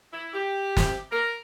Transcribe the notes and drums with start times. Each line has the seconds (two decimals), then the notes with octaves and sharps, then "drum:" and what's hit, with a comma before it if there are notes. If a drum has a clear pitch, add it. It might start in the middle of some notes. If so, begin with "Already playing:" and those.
0.12 E4
0.33 G4
0.77 drum: snare
1.12 A#4